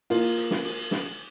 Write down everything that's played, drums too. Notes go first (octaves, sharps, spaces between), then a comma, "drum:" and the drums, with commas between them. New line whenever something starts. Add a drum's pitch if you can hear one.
A#3 F4, drum: open hi-hat
drum: hi-hat
drum: snare
drum: open hi-hat
drum: snare